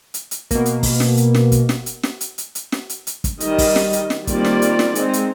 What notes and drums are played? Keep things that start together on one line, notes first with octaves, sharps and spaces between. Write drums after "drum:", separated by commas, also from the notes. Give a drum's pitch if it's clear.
drum: hi-hat
drum: hi-hat
B2 A#3, drum: kick, hi-hat
drum: hi-hat
drum: kick, open hi-hat
drum: snare
drum: hi-hat
drum: snare
drum: kick, hi-hat
drum: snare
drum: hi-hat
drum: snare
drum: hi-hat
drum: hi-hat
drum: hi-hat
drum: snare
drum: hi-hat
drum: hi-hat
drum: kick, hi-hat
D#3 G3 D#5, drum: hi-hat
drum: kick, open hi-hat
drum: snare
drum: hi-hat
drum: snare
D#3 G3 A#3 C4 F4 D5, drum: kick, hi-hat
drum: snare
drum: hi-hat
drum: snare
G#3 C4 D#4, drum: hi-hat
drum: hi-hat